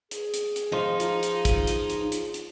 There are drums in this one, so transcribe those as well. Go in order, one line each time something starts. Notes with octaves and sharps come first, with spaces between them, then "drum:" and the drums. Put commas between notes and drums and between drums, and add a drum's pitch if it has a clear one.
G#4, drum: hi-hat
drum: hi-hat
drum: hi-hat
F3 D#4 D#5 C6
F4, drum: hi-hat
drum: hi-hat
drum: kick, hi-hat
drum: hi-hat
drum: hi-hat
drum: hi-hat
drum: hi-hat